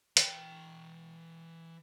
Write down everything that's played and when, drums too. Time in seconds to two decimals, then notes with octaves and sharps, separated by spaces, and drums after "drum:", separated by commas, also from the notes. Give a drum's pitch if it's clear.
0.17 E3 G5, drum: hi-hat